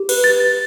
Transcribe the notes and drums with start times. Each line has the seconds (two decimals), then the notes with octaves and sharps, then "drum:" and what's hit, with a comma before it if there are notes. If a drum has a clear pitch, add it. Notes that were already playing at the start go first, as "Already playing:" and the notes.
Already playing: G4
0.09 B4, drum: cymbal
0.24 A6